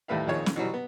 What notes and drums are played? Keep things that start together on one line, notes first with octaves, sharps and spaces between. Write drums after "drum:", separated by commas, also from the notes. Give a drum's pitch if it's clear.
D#2 A2 G3 B4 E5 F5
F2 A#2 D#3 F3 G#4 C#5
drum: snare
B2 E3 F#3 G3
B3